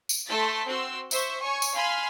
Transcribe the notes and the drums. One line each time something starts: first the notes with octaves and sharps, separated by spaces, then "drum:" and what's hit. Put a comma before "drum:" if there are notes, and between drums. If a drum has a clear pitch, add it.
drum: tambourine
A3 A4 C6 A6 B6
C4 F#4 C6 E6
C5 E5 C#6, drum: tambourine
C#5 G#5 C#6
drum: tambourine
F5 G#5 B5 C6 F6